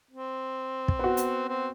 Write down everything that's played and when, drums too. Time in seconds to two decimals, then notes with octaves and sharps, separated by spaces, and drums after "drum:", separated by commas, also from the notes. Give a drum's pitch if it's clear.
0.11 C4
0.88 drum: kick
0.99 B3 F#4
1.17 drum: hi-hat
1.48 C4